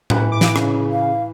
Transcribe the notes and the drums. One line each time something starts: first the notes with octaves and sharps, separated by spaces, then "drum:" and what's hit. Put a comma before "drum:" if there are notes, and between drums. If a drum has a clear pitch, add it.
E3 B4, drum: tom A2
D6
drum: snare
C#3, drum: rim click
F5